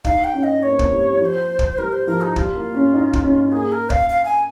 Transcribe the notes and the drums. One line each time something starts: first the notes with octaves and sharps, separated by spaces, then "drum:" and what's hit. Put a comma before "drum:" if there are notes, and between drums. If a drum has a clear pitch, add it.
D#4 F5, drum: kick
G5
C#4
D#5
A#3 C#5
C4
A#3, drum: kick
G3
G3
F3 C#5
C5
drum: kick
G3 A#4
C5
F3 A#4
D#4
G3 F4, drum: kick
A#3
C#4
D#4
drum: kick
C#4
A#3 G#4
A#4
F5, drum: kick
F5
G#5